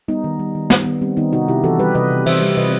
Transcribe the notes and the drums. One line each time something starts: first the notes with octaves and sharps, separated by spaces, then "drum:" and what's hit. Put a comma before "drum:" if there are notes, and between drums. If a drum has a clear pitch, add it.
G3 B3 D#4
D#3
G3
D#3
G3 B3 D#4, drum: snare
D#3 B3
G3 C4
D#3 B3 D#4
C3 D#4 F#4
C3 E4 G4
E3 F#4 A4
G3 G4 B4
C3 B4 D#5
C3
E3 C5 E5, drum: cymbal
G3
C3 B4 D#5